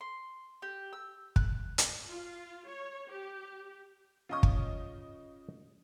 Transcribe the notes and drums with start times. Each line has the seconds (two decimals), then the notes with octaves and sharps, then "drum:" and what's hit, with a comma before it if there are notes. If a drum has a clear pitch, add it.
0.01 C6
0.62 G4
0.93 E6
1.36 F#6, drum: kick
1.78 drum: hi-hat
2.09 F4
2.68 C#5
3.10 G4
4.29 C#3 C#4 F4 D#5 D#6
4.43 drum: kick